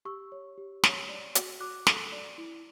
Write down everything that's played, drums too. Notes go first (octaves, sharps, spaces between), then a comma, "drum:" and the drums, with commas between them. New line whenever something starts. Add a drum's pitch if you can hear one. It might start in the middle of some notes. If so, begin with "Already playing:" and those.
G4 C#6 E6
C#5
G4
C#5, drum: snare
D5
F#4, drum: hi-hat
F#4 D6 F#6
A4, drum: snare
D5
E4